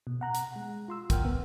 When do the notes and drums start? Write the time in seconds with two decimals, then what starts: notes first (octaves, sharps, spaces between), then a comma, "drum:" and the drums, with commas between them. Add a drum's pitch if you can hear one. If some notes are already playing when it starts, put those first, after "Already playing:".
0.07 B2
0.21 F#5 A#5 F#6
0.35 drum: hi-hat
0.56 G#3
0.88 F4 C6 E6
1.10 A#4 F#5 G5 F6, drum: kick, hi-hat
1.25 D2 B3